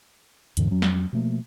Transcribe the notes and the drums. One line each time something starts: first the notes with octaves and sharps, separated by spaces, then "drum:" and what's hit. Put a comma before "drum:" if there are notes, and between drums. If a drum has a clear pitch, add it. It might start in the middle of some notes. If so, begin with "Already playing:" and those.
E2 G#2 D3 E3, drum: hi-hat
F2 F#3 C#4
drum: snare
B2 F3 A3 A#3